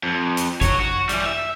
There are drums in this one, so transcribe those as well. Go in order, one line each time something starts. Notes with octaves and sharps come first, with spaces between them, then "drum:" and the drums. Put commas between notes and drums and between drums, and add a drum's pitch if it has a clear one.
F2
drum: hi-hat
F#4 C#5, drum: kick G#1, hi-hat
F#4
E3 G3, drum: hi-hat
E5